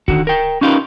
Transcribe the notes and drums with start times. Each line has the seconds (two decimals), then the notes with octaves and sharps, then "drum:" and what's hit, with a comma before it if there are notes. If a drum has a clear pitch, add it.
0.08 D3 D#3 F#4, drum: kick C#1
0.27 A#4 G5
0.61 C#4 D#4 F4 G4 A#4 B4